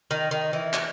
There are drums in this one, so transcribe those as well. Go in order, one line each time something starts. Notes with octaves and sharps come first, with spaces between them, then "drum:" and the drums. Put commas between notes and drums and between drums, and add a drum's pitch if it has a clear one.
D#3
D#3
E3
drum: clap